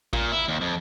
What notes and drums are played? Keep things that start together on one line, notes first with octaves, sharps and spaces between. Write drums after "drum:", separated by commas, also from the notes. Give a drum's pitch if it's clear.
A#2, drum: kick
E4
D#2
F2